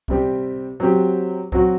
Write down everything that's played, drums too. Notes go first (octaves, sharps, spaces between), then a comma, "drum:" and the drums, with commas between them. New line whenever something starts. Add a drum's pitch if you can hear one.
C3 G3 C4 G4, drum: kick C2
F#3 C4 G4
F#3 C4 F#4, drum: kick C2